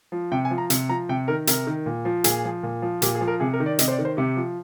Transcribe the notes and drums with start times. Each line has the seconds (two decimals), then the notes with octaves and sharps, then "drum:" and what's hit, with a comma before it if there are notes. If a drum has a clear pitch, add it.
0.12 F3
0.32 C3 G5
0.45 G#5
0.51 F3
0.58 A#5
0.70 C3, drum: hi-hat
0.89 F3 A#5
1.09 C3 G5
1.28 D#3 A#4
1.47 C3 A#4, drum: hi-hat
1.67 D#3
1.86 A#2
2.05 F3
2.24 A#2 G#4, drum: hi-hat
2.45 F3
2.63 A#2
2.82 F3
3.02 A#2 G4, drum: hi-hat
3.15 G#4
3.21 F3
3.28 A#4
3.40 C3 G#4
3.53 A#4
3.60 D#3
3.66 D5
3.79 C3 D#5, drum: hi-hat
3.88 C5
3.92 D5
3.99 D#3
4.05 C5
4.17 C3 G4
4.36 F3